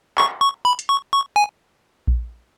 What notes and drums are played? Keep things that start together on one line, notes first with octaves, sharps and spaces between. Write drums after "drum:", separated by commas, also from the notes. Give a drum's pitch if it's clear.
C#6, drum: clap
C#6
B5
drum: hi-hat
C#6
C#6
G#5
drum: kick A#1